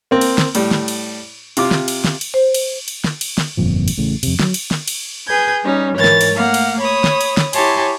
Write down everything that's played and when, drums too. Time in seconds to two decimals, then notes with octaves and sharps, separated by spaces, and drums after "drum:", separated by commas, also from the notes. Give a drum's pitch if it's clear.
0.11 A#3 C4
0.21 drum: cymbal
0.38 drum: snare
0.55 A2 G3, drum: cymbal
0.71 drum: snare
0.88 drum: cymbal
1.57 C3 F4 D6, drum: cymbal
1.71 drum: snare
1.88 drum: cymbal
2.05 drum: snare
2.21 drum: cymbal
2.34 C5
2.54 drum: cymbal
2.88 drum: cymbal
3.04 drum: snare
3.21 drum: cymbal
3.38 drum: snare
3.57 G1 F2 A#2 F3
3.88 drum: cymbal
3.98 A1 A2 C#3
4.23 F2 C3, drum: cymbal
4.40 F#3, drum: snare
4.54 drum: cymbal
4.71 drum: snare
4.88 drum: cymbal
5.27 G#4 B4 G6 G#6
5.63 G3 C#4 D#4
5.95 G#2 E3 A#4 C#5 A6
6.04 drum: snare
6.21 drum: cymbal
6.35 A3 A#3 F5 F#5
6.54 drum: cymbal
6.80 C#5 B5 D#6
7.04 drum: snare
7.21 drum: cymbal
7.37 drum: snare
7.53 E4 G4 C#5 G#5 A5 C6, drum: cymbal